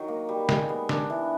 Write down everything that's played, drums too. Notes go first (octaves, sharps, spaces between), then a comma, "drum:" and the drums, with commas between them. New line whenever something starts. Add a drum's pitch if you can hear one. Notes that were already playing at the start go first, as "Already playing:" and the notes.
Already playing: D#3 F#3
A#3
G3
G#3, drum: snare
B3
D4, drum: snare
E3